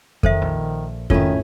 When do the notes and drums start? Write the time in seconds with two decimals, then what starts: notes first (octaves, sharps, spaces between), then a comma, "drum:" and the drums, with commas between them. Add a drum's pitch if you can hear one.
0.23 D#3 A4 C5 E5, drum: kick F2
0.42 A#1
1.10 G#1 A2 D#3 C#4 F4 A4 E5, drum: kick F2